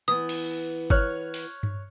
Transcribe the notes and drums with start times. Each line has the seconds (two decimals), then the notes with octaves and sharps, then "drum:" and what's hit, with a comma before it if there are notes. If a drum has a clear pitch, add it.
0.08 E3 B3 D#6
0.29 drum: cymbal
0.90 C#5 F6 F#6, drum: kick G1
1.34 drum: open hi-hat
1.63 drum: tom G2